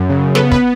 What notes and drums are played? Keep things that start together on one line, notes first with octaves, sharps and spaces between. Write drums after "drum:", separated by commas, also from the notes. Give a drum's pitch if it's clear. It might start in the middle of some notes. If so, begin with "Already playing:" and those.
Already playing: F#2
C#3
B3 A4, drum: snare
B4, drum: kick